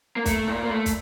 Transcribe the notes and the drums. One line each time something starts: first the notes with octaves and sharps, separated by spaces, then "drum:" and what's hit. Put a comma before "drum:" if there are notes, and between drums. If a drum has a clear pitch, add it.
A#3
A3, drum: kick, hi-hat
A#2
A#3
A3
drum: kick, hi-hat